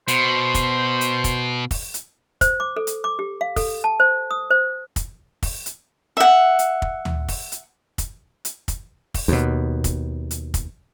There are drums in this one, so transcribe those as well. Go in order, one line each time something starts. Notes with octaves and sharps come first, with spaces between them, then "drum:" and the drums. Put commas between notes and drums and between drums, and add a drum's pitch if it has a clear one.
B2 C5, drum: hi-hat
drum: kick, hi-hat
drum: hi-hat
drum: kick, hi-hat
drum: kick, open hi-hat
drum: hi-hat
C5, drum: kick, hi-hat
D6
A4
drum: hi-hat
D6
G4
F5
A4, drum: kick, open hi-hat
A5
C5
D#6
C5
drum: kick, hi-hat
drum: kick, open hi-hat
drum: hi-hat
E5 F#5
drum: hi-hat
drum: kick
drum: tom D2
drum: kick, open hi-hat
drum: hi-hat
drum: kick, hi-hat
drum: hi-hat
drum: kick, hi-hat
drum: kick, open hi-hat
D#2 B2
drum: kick, hi-hat
drum: hi-hat
drum: kick, hi-hat